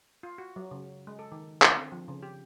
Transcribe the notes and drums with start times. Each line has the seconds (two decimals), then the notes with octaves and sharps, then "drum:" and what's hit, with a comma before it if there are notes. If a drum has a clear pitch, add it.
0.23 F4
0.38 F#4
0.56 F#3
0.71 C#3
1.07 G#3
1.19 A4
1.32 D#3
1.62 D3, drum: clap
1.77 C4
1.92 F3
2.08 C#3
2.23 G4